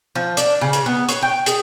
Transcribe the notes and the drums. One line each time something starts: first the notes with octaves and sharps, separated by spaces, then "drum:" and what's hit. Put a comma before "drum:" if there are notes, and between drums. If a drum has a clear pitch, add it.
F3
D4, drum: hi-hat
C#3
drum: hi-hat
B3
C#5, drum: hi-hat
G5
G#4, drum: hi-hat